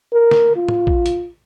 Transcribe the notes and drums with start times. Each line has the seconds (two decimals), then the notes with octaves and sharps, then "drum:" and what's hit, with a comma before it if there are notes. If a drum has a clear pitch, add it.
0.13 A#4
0.31 drum: snare
0.56 F4
0.69 drum: tom A2
0.87 drum: kick
1.06 drum: hi-hat